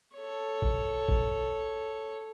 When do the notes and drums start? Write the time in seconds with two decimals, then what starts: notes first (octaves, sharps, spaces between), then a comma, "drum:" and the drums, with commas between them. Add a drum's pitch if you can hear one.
0.16 A4 C#5
0.62 drum: kick
1.08 drum: kick